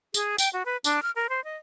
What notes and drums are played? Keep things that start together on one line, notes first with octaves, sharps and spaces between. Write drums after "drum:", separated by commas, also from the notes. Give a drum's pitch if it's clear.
G#4, drum: tambourine
G5, drum: tambourine
F#4
B4
D4, drum: tambourine
F6
A#4
C5
D#5